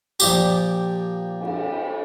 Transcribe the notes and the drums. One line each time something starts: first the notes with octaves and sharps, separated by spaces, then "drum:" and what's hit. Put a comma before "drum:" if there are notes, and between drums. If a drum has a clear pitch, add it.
A#2 F3 G4, drum: tambourine
drum: cymbal